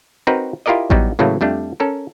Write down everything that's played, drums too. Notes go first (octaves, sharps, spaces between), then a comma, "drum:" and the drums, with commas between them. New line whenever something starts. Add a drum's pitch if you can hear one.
C4 D#4 F#4 A#4 B4
E4 F4 G4 A#4 D5 D#5
E3 F#3 G3 B3 D#4 F#4, drum: kick A1
A2 C#3 E3 F#3 A3 A#3
F2 G3 A3 D4
C#4 A4 A#4